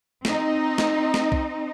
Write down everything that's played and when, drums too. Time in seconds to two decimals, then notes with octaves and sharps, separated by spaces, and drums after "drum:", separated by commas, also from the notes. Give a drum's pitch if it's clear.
0.25 C4 D#4 D#5, drum: snare
0.78 drum: snare
1.14 drum: snare
1.32 drum: kick B1